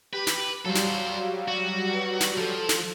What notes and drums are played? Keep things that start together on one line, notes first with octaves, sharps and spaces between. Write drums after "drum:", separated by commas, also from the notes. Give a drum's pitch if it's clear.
G4 B4
drum: snare
F#3 G3 A4 C5 F5
drum: snare
F#4
B4
drum: snare
F3 A4
drum: snare